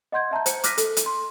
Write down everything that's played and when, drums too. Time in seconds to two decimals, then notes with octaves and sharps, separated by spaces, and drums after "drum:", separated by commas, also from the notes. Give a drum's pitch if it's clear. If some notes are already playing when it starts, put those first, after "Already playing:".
0.12 D#5 F#5 C6 G6 G#6
0.31 E5 A5 A#5 G6
0.46 C5 C#7, drum: hi-hat
0.64 D6 F6 F#6 A#6 B6 D#7, drum: hi-hat
0.78 A4, drum: hi-hat
0.97 drum: hi-hat
1.06 C6